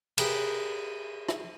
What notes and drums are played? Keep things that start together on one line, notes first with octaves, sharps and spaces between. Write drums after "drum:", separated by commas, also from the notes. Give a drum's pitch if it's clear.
G4 G#4 A#4 B4, drum: cymbal
drum: rim click